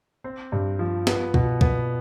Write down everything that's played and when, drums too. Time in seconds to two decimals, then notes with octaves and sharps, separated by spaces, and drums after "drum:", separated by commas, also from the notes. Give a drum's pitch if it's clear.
0.24 C4
0.52 G2
0.79 F3
1.07 B3, drum: snare
1.34 B2, drum: kick
1.61 B3, drum: kick